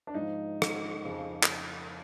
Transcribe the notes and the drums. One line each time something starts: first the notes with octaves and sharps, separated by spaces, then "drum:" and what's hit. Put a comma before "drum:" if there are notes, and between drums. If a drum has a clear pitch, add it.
D4
G#2 F3 D#4
drum: rim click
F2 C#3 F3
drum: clap